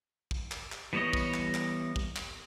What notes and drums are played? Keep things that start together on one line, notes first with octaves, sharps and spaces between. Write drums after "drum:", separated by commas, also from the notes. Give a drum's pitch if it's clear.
drum: kick
drum: clap
drum: clap
E3 G3 B3 C#5 D#5
drum: kick
drum: clap
drum: clap
drum: kick
drum: clap